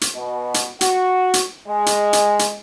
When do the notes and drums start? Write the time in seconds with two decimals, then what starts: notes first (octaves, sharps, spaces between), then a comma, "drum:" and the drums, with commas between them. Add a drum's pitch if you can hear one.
0.01 drum: hi-hat
0.14 B2
0.54 drum: hi-hat
0.81 F#4, drum: hi-hat
1.34 drum: hi-hat
1.67 G#3
1.86 drum: hi-hat
2.13 drum: hi-hat
2.39 drum: hi-hat